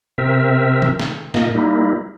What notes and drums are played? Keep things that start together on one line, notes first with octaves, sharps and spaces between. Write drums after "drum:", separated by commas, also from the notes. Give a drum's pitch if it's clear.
C3 C4 A#4 E5
drum: tom
drum: snare
A#2 A#3 D#5, drum: snare
G3 A#3 D#4 E4